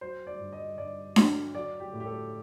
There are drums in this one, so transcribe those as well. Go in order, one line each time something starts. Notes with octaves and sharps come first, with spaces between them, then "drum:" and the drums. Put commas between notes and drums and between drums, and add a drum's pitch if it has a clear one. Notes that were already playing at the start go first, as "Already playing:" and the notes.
F#3 C5
D5
G2
D#5
G2 D5
F#3, drum: snare D4
F#3 D5
G4
A2
G4
A4